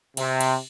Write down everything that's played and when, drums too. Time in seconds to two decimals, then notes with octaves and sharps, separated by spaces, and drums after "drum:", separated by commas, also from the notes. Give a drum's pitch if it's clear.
0.17 C3, drum: cymbal
0.41 drum: cymbal